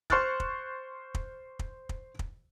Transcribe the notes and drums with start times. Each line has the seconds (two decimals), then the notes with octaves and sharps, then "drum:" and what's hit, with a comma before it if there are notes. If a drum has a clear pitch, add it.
0.10 C5 C6 C#6 F6 F#6 A6, drum: kick
0.40 drum: kick
1.15 drum: kick
1.59 drum: kick
1.89 drum: kick
2.19 drum: kick